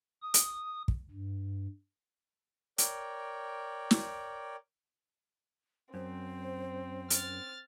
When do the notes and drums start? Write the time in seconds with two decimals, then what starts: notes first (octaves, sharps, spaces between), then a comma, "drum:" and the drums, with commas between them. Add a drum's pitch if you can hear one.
0.22 D#6
0.34 drum: hi-hat
0.88 drum: kick
1.11 G2
2.78 A#4 C#5 D5 G5, drum: hi-hat
3.91 drum: snare
5.94 F#2 C4 C5
7.10 F6 A6, drum: hi-hat